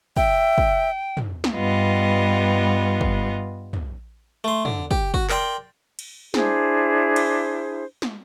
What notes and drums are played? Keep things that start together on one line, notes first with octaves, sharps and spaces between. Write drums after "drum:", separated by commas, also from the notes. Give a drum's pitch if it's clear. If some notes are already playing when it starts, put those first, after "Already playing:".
E5 G5, drum: kick
drum: kick
drum: tom
drum: snare
G2 G3 B3 F4 D#5
drum: kick
drum: tom
A3 C6
D3, drum: tom
G4, drum: kick
F#4, drum: kick
A#4 D5 G5 C6, drum: clap
drum: cymbal
D4 E4 G#4 C5, drum: snare
drum: cymbal
drum: snare